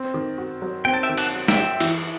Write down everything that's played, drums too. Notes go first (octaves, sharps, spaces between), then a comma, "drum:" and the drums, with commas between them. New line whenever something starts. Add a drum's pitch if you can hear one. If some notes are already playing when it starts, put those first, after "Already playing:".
Already playing: C4
D#3
F#4
F#3
C4 G5
A5
E5 G5
D#3
F#5 A5, drum: cymbal
F#4
E5 G5, drum: snare
F#3
E3, drum: cymbal